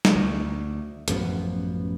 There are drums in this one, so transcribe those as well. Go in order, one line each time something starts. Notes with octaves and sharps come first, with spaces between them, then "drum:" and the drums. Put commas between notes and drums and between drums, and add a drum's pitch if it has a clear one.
drum: snare
D2
A1 F#2 F3 B3, drum: hi-hat